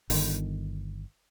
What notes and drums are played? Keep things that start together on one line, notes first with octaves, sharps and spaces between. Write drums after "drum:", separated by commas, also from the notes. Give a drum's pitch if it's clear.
G1 D3 D#3, drum: open hi-hat